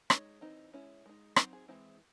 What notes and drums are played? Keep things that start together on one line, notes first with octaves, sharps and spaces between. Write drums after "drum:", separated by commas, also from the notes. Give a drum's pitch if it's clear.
G#3 D#4 C#5, drum: rim click
E3 C4 D#4
G#3 C#4 E4
G#3 D#4
F#3 C4 D#4 C5, drum: rim click
G#4
E3 G#3 C4 E4